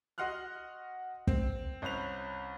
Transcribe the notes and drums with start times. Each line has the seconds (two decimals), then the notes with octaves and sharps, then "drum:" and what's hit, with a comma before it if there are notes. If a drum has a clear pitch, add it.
0.18 F#4 D#5 F#5 C6 F6 F#6
1.27 C4, drum: kick
1.82 C2 C#4 C5 B5 F#6 F7